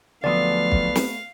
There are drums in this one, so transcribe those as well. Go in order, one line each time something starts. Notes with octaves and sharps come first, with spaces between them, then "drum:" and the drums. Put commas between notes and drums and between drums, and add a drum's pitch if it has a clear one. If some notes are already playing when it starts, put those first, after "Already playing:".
D2 F3 F#3 A3 B3 D5 F5
drum: kick
drum: snare